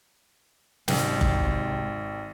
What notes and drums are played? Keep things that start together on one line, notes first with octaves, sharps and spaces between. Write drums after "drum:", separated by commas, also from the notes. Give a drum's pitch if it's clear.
G#1 C3 G#3 G5, drum: snare
drum: kick F#1